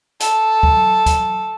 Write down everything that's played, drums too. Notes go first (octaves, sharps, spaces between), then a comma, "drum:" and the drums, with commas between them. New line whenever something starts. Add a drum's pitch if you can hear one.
A4, drum: hi-hat
drum: kick
drum: kick, hi-hat